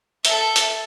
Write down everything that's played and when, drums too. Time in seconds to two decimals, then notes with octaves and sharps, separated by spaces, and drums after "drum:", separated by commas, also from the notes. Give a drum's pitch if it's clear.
0.25 A4 E5, drum: hi-hat
0.56 drum: hi-hat